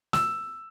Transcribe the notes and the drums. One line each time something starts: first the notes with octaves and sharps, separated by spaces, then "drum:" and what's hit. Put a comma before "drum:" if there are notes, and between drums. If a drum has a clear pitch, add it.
E6, drum: snare